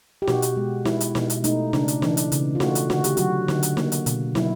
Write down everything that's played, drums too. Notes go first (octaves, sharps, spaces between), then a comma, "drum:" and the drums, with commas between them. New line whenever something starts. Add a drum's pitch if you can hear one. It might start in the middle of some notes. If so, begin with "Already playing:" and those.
G4
B2 F#4, drum: snare
drum: hi-hat
G#3
G#3 E4, drum: snare
drum: hi-hat
B2, drum: snare
drum: hi-hat
A3 D#4, drum: hi-hat
C#3 D4, drum: snare
drum: hi-hat
E3 D4, drum: snare
drum: hi-hat
C#3, drum: hi-hat
F4
A3 F#4, drum: snare
drum: hi-hat
D3 F#4, drum: snare
G4, drum: hi-hat
F#3 F#4, drum: hi-hat
D3, drum: snare
drum: hi-hat
A#3, drum: snare
drum: hi-hat
B2, drum: hi-hat
F#3 E4, drum: snare